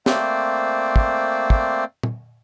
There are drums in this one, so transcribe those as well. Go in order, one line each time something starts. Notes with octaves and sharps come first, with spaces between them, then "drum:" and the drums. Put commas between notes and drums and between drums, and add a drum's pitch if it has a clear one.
A3 A#3 C4 C5 D5, drum: snare
drum: kick
drum: kick
drum: tom